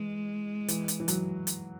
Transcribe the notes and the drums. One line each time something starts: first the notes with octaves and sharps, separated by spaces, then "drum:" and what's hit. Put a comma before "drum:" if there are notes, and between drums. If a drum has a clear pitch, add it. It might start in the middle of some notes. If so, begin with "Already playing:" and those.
Already playing: E3 G#3
E3, drum: hi-hat
drum: hi-hat
E3
F#3, drum: hi-hat
drum: hi-hat